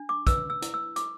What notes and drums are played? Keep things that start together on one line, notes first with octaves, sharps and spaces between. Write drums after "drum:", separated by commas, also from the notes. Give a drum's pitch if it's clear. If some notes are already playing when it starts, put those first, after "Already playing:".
Already playing: D4
D6
B4 E6, drum: kick, hi-hat
E6
E4, drum: hi-hat
E6
E4 D6, drum: hi-hat